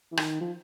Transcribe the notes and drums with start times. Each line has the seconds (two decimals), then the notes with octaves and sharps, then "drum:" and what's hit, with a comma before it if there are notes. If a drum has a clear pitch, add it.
0.11 E3
0.17 D#3, drum: rim click
0.41 F3